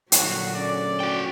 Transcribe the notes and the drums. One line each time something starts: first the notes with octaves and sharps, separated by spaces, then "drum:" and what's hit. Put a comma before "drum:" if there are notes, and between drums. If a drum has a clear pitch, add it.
A#2 D3 F#3 F#4, drum: hi-hat
A3 C#4 G#4 D5
F#4 G5